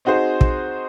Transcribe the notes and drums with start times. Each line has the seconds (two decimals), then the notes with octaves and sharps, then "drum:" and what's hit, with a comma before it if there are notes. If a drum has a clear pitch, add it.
0.05 C4 D#4 F#4 G#4 C5
0.41 drum: kick